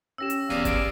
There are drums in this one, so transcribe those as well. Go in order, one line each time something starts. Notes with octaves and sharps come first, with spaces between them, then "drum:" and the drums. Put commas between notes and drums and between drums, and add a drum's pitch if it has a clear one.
C#4 G4 E6 A#6 E7
drum: hi-hat
E2 D5 F5 D#6 E6 D#7, drum: snare D1
G#6 D7 E7, drum: kick G#1, hi-hat